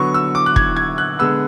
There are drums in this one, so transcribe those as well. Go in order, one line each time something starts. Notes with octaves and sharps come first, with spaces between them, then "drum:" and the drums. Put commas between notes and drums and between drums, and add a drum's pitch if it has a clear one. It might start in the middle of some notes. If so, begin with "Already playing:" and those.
Already playing: D3 F#3 B3 C#6
E6
D6
F#6
G#6, drum: kick
G#6
F#6
D3 G#3 B3 E6